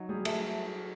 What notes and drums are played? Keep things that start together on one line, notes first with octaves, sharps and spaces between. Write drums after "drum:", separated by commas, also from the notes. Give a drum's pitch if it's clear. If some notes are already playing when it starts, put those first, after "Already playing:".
Already playing: F#3 D#4
G3 G#4
A3, drum: cymbal